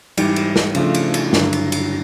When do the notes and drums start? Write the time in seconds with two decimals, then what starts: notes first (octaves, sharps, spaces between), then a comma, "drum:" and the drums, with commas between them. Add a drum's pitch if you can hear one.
0.17 G#2 E3 G3, drum: cymbal
0.36 drum: cymbal
0.56 drum: snare
0.75 C#3 F3 A3 D4 F4, drum: cymbal
0.95 drum: cymbal
1.14 drum: cymbal
1.33 G2 D3 F#3, drum: snare
1.53 drum: cymbal
1.72 drum: cymbal